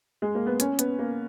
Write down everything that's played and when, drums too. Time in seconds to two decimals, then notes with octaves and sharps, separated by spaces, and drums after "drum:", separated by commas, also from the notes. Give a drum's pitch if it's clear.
0.22 G#3
0.35 A#3
0.46 B3
0.60 C#4, drum: hi-hat
0.79 B3, drum: hi-hat
0.99 A#3